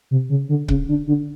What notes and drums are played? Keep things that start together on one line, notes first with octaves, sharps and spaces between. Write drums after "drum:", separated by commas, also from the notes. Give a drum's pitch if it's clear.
C3
C#3
D3
C#3, drum: kick C#1
D3
D3